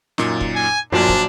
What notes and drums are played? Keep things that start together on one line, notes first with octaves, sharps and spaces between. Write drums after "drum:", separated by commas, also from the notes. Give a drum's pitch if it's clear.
F#2 A#2 D#4, drum: snare
drum: kick
G#5
A#1 F#2 F3 F#3 D4 C5 G#5 A5
drum: kick